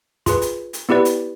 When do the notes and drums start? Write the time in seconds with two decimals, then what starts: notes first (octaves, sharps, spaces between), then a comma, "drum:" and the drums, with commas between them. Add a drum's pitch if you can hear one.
0.26 F4 G#4 B4, drum: kick, hi-hat
0.42 drum: hi-hat
0.73 drum: hi-hat
0.89 B3 E4 G4 B4 D5
1.05 drum: hi-hat